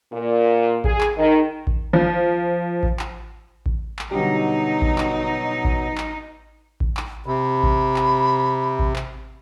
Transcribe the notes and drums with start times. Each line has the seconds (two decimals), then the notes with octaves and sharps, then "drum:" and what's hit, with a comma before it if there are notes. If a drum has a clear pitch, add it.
0.12 A#2
0.84 G#4, drum: kick A1
1.01 drum: clap
1.17 D#3
1.67 drum: kick A1
1.93 F3
2.83 drum: kick A1
2.99 drum: clap
3.66 drum: kick A1
3.99 drum: clap
4.11 B2 D3 F#3 G3 D#4
4.82 drum: kick A1
4.98 drum: clap
5.64 drum: kick A1
5.98 drum: clap
6.80 drum: kick A1
6.97 drum: clap
7.26 C3 B5
7.63 drum: kick A1
7.96 drum: clap
8.79 drum: kick A1
8.96 drum: clap